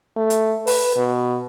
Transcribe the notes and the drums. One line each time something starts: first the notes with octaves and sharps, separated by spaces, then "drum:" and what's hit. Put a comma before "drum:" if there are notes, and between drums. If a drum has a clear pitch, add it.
A3
drum: hi-hat
B4, drum: open hi-hat
B2